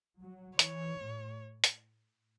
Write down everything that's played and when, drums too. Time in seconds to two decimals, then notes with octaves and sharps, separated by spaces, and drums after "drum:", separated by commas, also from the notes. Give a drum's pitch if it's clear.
0.21 F#3
0.59 E3 C#5, drum: hi-hat
0.98 A2
1.64 drum: hi-hat